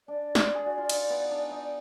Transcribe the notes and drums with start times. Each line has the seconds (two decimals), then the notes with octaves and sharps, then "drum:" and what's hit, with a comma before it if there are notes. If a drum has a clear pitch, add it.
0.08 D4 D5
0.35 drum: snare
0.55 G#4
0.66 F#4
0.78 F4
0.90 D#4, drum: cymbal
1.10 B3
1.30 D4
1.51 D#4